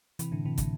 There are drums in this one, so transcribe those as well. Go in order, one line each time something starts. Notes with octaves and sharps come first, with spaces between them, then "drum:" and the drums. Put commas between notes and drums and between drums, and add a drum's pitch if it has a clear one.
C3 E3, drum: hi-hat
A2 D3
C3 E3
A2 D3, drum: kick, hi-hat